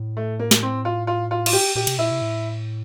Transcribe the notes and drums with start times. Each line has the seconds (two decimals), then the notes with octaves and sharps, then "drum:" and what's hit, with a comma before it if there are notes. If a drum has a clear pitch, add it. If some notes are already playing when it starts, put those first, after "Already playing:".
Already playing: A2
0.17 A3
0.39 A#3
0.51 drum: snare
0.63 C4
0.85 F4
1.07 F4
1.31 F4
1.46 F4, drum: cymbal
1.53 G4
1.75 A#2 G4
1.87 C3, drum: cymbal
1.98 A#2 E4
2.11 C3
2.22 A2